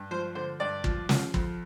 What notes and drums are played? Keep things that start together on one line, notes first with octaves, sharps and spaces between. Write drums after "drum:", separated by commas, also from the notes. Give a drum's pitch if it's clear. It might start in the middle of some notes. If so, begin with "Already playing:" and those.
Already playing: G2
F3 C5
D3 C5
G2 D5
F3, drum: kick
F3, drum: snare
F2, drum: kick